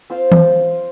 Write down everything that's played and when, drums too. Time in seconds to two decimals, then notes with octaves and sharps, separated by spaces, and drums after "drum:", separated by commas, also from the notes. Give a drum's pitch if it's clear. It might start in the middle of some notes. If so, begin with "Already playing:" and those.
0.10 C4 F4 C5 F5
0.32 drum: tom E3